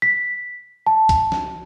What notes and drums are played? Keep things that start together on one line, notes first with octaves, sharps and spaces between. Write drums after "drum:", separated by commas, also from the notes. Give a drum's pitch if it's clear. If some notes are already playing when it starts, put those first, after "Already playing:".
B6
A5
drum: kick A#1, hi-hat
drum: snare